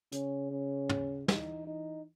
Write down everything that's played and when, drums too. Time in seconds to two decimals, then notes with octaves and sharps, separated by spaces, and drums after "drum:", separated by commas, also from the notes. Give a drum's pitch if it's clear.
0.12 C#3 C#4, drum: hi-hat
0.51 C#4
0.89 drum: tom
1.28 E3 D#4, drum: snare
1.67 D#4